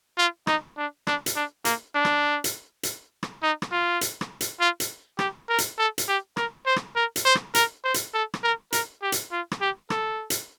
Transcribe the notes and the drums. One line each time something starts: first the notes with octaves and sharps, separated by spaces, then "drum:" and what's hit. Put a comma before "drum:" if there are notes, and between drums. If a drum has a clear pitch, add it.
F4
D#4, drum: rim click
D4
D4, drum: rim click
drum: hi-hat
D4
A#3, drum: hi-hat
D4
drum: rim click
drum: hi-hat
drum: hi-hat
drum: rim click
D#4
drum: rim click
F4
drum: hi-hat
drum: rim click
drum: hi-hat
F4
drum: hi-hat
G4, drum: rim click
A#4
drum: hi-hat
A4
drum: hi-hat
G4
A#4, drum: rim click
C5
drum: rim click
A#4
drum: hi-hat
C5
drum: rim click
A#4, drum: hi-hat
C5
drum: hi-hat
A4
drum: rim click
A#4
A#4, drum: hi-hat
G4
drum: hi-hat
F4
drum: rim click
G4
A4, drum: rim click
drum: hi-hat